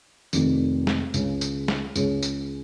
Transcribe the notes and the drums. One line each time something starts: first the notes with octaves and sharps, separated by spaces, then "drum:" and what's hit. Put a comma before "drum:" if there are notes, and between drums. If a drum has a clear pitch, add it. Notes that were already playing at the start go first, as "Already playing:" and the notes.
F1 F2 D#3, drum: tambourine
drum: snare
C#2 C#3 G#3 C#4, drum: tambourine
drum: tambourine
drum: snare
C#2 C#3 G#3 C#4, drum: tambourine
drum: tambourine